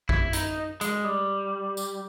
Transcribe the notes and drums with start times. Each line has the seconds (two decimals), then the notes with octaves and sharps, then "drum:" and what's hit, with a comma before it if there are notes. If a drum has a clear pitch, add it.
0.09 E4, drum: kick A#1
0.33 D#4, drum: hi-hat
0.81 G#3, drum: hi-hat
1.04 G3
1.77 drum: tambourine